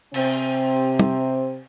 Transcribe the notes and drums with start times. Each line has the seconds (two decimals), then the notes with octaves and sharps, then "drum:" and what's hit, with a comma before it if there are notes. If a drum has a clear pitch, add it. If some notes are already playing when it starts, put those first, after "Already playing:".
0.14 C3 C4, drum: cymbal
0.99 drum: tom